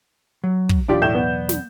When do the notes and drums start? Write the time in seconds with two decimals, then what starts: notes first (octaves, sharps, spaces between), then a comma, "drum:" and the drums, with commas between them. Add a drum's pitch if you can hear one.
0.44 F#3
0.69 drum: kick
0.88 B1 E2 D4 F4 G4 D5
1.02 A2 G6 E7
1.15 B3
1.49 drum: snare